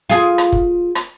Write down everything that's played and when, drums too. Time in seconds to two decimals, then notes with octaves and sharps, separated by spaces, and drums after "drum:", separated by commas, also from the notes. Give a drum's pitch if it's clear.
0.09 F4 G#4
0.38 drum: rim click
0.52 drum: kick
0.95 drum: rim click